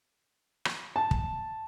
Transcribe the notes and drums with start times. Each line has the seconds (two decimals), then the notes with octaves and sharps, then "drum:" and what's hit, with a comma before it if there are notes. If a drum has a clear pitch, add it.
0.65 drum: rim click
0.96 A5
1.11 drum: kick